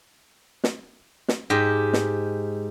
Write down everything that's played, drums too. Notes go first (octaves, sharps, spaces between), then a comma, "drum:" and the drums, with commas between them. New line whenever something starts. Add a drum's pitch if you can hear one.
drum: snare
drum: snare
G#2 G4
drum: snare